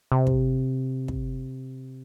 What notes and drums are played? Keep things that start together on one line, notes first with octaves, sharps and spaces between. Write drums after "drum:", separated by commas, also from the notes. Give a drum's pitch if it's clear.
C3
drum: kick
drum: kick